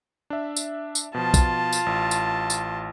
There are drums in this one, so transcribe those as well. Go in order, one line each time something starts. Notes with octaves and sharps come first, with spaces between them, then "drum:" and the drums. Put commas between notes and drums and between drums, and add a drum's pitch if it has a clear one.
D4 E5
drum: tambourine
drum: tambourine
B2 F3 F4 A5
drum: kick, tambourine
drum: tambourine
A1
drum: tambourine
drum: tambourine